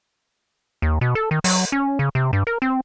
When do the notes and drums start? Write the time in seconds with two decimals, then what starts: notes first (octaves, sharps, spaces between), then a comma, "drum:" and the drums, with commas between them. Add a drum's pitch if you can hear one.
0.82 D#2
1.01 B2
1.15 A4
1.31 D#3
1.44 F#3, drum: open hi-hat
1.72 C#4
1.99 C#3
2.15 C3
2.33 G2
2.47 A#4
2.62 C4